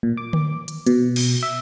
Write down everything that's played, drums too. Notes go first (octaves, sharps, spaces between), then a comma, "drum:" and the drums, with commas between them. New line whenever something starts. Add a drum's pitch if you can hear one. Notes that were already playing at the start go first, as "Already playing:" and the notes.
A#2
D6
drum: tom D3
drum: hi-hat
B2, drum: hi-hat
drum: cymbal
E5